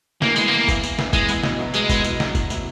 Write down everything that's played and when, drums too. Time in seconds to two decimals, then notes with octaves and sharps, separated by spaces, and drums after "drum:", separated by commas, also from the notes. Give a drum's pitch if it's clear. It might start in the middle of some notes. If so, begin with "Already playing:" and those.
0.22 E3 A#3, drum: snare
0.36 G#3 B3 E4, drum: tambourine
0.48 E3 A#3
0.68 B3 E4, drum: kick G1, tambourine
0.83 E3, drum: tambourine
0.99 B3 E4, drum: snare
1.13 E3 G#3, drum: kick G1, tambourine
1.29 B3 E4, drum: tambourine
1.43 B2, drum: snare
1.59 F#3 B3 E4
1.74 B2 G#3, drum: tambourine
1.89 F#3 B3 E4, drum: kick G1, tambourine
2.04 B2, drum: tambourine
2.20 F#3 B3 E4, drum: snare
2.35 B2, drum: kick G1, tambourine
2.50 F#3 B3 E4, drum: tambourine